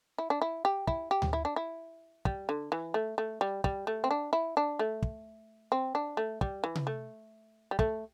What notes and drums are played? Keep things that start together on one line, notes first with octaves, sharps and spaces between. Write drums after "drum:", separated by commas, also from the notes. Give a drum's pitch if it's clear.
E4
D4
E4
G4
E4, drum: kick
G4
drum: tom D2
E4
D4
E4
G3, drum: kick
D3
E3
A3
A3
G3
G3, drum: kick
A3
C4
D4
E4
D4
A3
drum: kick
C4
D4
A3
G3, drum: kick
E3
drum: tom C3
A3
G3
A3, drum: kick